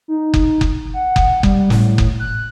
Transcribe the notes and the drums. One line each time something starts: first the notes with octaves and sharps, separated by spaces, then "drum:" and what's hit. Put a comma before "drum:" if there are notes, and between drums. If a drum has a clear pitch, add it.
D#4
drum: kick F#1
drum: kick F#1
F#5
drum: kick F#1
G3, drum: kick F#1
A2, drum: snare
drum: kick F#1
F#6